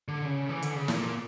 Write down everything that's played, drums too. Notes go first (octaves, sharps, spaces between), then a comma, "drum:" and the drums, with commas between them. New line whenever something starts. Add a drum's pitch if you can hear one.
D3
C#3
E3
D3, drum: hi-hat
C#3
A#2, drum: snare